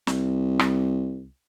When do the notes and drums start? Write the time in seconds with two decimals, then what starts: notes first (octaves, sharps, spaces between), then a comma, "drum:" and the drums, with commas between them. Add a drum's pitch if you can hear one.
0.07 C2, drum: snare
0.59 drum: rim click